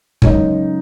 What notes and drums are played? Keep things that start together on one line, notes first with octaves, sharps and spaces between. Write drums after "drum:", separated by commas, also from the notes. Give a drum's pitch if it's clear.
F#2 C#3 G#3 D#4, drum: kick